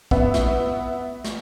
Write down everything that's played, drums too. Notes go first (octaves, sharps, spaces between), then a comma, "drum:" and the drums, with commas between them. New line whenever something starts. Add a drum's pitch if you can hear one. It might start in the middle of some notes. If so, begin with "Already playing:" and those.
B3 E5, drum: kick
drum: snare
drum: snare